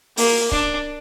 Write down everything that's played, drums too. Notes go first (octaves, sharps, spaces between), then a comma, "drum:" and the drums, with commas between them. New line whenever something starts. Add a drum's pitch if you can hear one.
A#3, drum: open hi-hat
D4, drum: kick